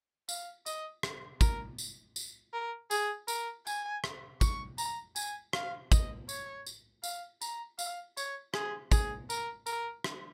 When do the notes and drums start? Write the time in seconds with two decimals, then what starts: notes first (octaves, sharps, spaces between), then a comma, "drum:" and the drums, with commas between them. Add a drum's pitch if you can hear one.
0.29 F5, drum: tambourine
0.66 D#5, drum: tambourine
1.03 drum: rim click
1.41 A#4, drum: kick, tambourine
1.78 drum: tambourine
2.16 drum: tambourine
2.53 A#4
2.91 G#4, drum: tambourine
3.28 A#4, drum: tambourine
3.67 G#5, drum: tambourine
4.04 drum: rim click
4.41 C#6, drum: kick, tambourine
4.78 A#5, drum: tambourine
5.16 G#5, drum: tambourine
5.53 F5, drum: rim click
5.92 D#5, drum: kick, tambourine
6.29 C#5, drum: tambourine
6.67 drum: tambourine
7.03 F5, drum: tambourine
7.41 A#5, drum: tambourine
7.79 F5, drum: tambourine
8.17 C#5, drum: tambourine
8.54 G#4, drum: rim click
8.92 G#4, drum: kick, tambourine
9.30 A#4, drum: tambourine
9.66 A#4, drum: tambourine
10.04 drum: rim click